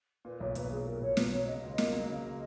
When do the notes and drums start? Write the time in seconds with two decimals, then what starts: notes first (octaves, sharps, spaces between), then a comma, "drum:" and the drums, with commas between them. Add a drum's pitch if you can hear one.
0.25 A#2 B4
0.40 B1 C#5
0.55 B1 B4, drum: hi-hat
0.71 F#3 G#4
0.86 A#2 A#4
1.01 B1 C#5
1.17 B1 B4, drum: snare
1.32 F#3 C#5
1.47 C#3 D#5
1.63 C#2
1.78 A#3, drum: snare
1.93 F#3
2.08 C#3 D#5